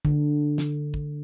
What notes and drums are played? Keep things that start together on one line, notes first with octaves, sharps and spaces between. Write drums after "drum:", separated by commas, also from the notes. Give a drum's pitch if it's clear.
D3, drum: kick
drum: snare
drum: kick